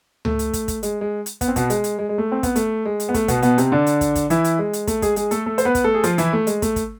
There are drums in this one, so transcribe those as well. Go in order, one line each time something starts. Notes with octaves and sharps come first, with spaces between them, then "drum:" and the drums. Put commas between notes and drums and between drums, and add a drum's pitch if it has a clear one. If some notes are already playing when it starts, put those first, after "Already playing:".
A3, drum: tom C#2
drum: hi-hat
drum: kick, hi-hat
drum: kick, hi-hat
G#3, drum: hi-hat
G#3
drum: hi-hat
B3, drum: kick, hi-hat
C4
B2 B3, drum: kick, hi-hat
G#3, drum: hi-hat
drum: hi-hat
G#3
G#3
A3
C4
B3, drum: kick, hi-hat
A3, drum: hi-hat
G#3
drum: hi-hat
B3
A3, drum: kick, hi-hat
B2 B3, drum: kick, hi-hat
B2 B3, drum: hi-hat
C3 C4, drum: hi-hat
D3 D4
drum: hi-hat
drum: kick, hi-hat
drum: kick, hi-hat
E3 E4, drum: hi-hat
drum: hi-hat
G#3
drum: hi-hat
A3, drum: kick, hi-hat
G#3 G#4, drum: kick, hi-hat
G#3 G#4, drum: hi-hat
A3 A4, drum: hi-hat
A3 A4
C5, drum: hi-hat
B3 B4
drum: kick, hi-hat
A3 A4
G#4
F3 F4, drum: hi-hat
E3 E4, drum: hi-hat
A3
G#3, drum: hi-hat
A3, drum: kick, hi-hat
drum: kick, hi-hat